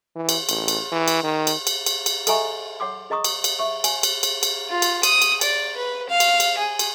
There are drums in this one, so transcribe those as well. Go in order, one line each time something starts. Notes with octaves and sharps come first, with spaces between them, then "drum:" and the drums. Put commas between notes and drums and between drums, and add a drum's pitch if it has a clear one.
E3
drum: cymbal
A1, drum: cymbal
drum: cymbal
E3
drum: cymbal
D#3
drum: cymbal
drum: cymbal
drum: cymbal
drum: cymbal
A4 D#5 E5 G#5 A#5 C#6, drum: cymbal
C#5 F#5 C6 D6
G#4 D#5 A#5 C#6 D#6
drum: cymbal
drum: cymbal
E5 C#6
G#5, drum: cymbal
drum: cymbal
drum: cymbal
drum: cymbal
F4
drum: cymbal
D#6, drum: cymbal
drum: cymbal
D5, drum: cymbal
B4
F5
drum: cymbal
drum: cymbal
G#4
drum: cymbal